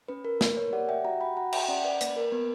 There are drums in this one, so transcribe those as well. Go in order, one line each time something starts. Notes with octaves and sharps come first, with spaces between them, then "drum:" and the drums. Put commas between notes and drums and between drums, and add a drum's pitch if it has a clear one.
C#4 B4
A#4
A#3 B4, drum: snare
A#4 C#5
G4 D5 F#5
E5 G5
F#4 F#5 A#5
G5 B5
F#4 F#5 A#5
E5 G5, drum: cymbal
C#4 D5 F#5
B4 D5
A#3 B4, drum: hi-hat
A#4
B3 B4